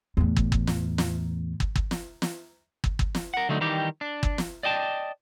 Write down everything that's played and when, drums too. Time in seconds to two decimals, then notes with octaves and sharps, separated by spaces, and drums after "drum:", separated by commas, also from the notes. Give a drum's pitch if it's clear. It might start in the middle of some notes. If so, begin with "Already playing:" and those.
0.17 E2 A2
0.36 drum: kick
0.52 drum: kick
0.67 drum: snare
0.98 drum: snare
1.60 drum: kick
1.76 drum: kick
1.91 drum: snare
2.22 drum: snare
2.84 drum: kick
2.99 drum: kick
3.15 drum: snare
3.34 A#4 F#5
3.49 D3 F#3 A3 D#4
3.61 D#3 E3 G3 D#4 G4
4.01 D4
4.23 drum: kick
4.38 drum: snare
4.63 D5 D#5 G5 A5